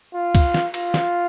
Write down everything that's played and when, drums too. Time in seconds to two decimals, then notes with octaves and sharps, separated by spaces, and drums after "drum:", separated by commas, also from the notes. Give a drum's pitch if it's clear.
0.15 F4
0.35 drum: kick, cymbal
0.54 drum: snare
0.74 F4, drum: cymbal
0.94 drum: snare